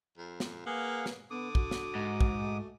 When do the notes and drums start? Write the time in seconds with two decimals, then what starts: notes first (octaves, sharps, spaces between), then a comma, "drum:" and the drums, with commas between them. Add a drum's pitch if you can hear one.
0.18 F2
0.40 drum: snare
0.66 A#3 G#4 B4 F5 F#5
1.06 drum: snare
1.31 D3 B3 D6 D#6
1.55 F#4, drum: kick
1.71 drum: snare
1.95 G#2
2.21 drum: kick
2.42 A3